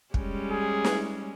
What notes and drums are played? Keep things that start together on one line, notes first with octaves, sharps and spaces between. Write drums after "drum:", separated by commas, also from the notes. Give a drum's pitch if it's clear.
G3 G#3 C#4, drum: kick
G#4
drum: snare